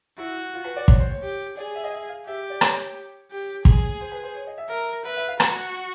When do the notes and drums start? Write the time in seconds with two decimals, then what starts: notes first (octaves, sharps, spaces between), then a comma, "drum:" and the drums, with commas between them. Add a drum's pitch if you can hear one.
0.18 E4 F#4
0.54 F4
0.64 B4
0.76 D5
0.88 C#5, drum: kick
0.99 C5
1.10 C#5
1.23 G4
1.57 G#4 D5
1.75 E5
1.84 D#5
1.92 E5
2.09 F5
2.26 G4 E5
2.50 D5
2.61 C#5, drum: rim click
3.31 G4
3.65 G#4, drum: kick
4.00 C5
4.11 B4
4.23 C5
4.35 C#5
4.47 D#5
4.58 E5
4.69 A#4 E5
5.05 B4 E5
5.16 E5
5.28 F5
5.40 F#4, drum: rim click